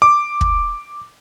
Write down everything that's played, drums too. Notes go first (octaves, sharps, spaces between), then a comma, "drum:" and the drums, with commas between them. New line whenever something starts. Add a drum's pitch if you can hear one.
D6
drum: kick